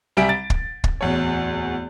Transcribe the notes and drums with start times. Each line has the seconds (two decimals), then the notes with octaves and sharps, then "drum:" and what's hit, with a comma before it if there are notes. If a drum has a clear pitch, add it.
0.17 C2 G3 E5 G#5 D7
0.29 A6
0.50 drum: kick
0.84 drum: kick
1.01 D1 E2 C#5